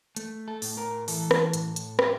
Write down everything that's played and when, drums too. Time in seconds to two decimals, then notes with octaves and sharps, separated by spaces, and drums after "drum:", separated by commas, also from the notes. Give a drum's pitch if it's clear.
0.16 A3, drum: hi-hat
0.48 A4
0.62 A2, drum: open hi-hat
0.77 A#4
1.08 E3 A4, drum: open hi-hat
1.31 drum: rim click
1.54 A2, drum: hi-hat
1.76 drum: hi-hat
1.99 A3 G4, drum: rim click